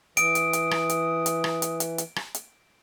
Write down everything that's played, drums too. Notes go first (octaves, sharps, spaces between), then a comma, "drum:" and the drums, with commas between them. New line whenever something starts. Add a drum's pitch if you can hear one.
E3 D#6 D7, drum: hi-hat
drum: hi-hat
drum: hi-hat
drum: rim click
drum: hi-hat
drum: hi-hat
drum: rim click
drum: hi-hat
drum: hi-hat
drum: hi-hat
drum: rim click
drum: hi-hat